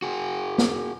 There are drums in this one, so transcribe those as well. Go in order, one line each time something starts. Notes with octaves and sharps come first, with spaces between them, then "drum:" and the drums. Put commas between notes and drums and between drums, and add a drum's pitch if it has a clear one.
F#4 G#4
drum: snare